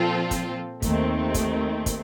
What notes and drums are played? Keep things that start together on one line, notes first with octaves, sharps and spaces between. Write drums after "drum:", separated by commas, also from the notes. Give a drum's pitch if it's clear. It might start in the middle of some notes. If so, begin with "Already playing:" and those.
Already playing: A#2 F3 C4 F4 A4
drum: kick, hi-hat
D#2 D#3 A3 C4, drum: kick, hi-hat
drum: kick, hi-hat
drum: kick, hi-hat